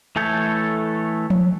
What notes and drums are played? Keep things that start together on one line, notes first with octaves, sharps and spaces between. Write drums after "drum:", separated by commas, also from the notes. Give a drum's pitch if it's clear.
E3 A3 A4 C#5 G6
drum: tom F3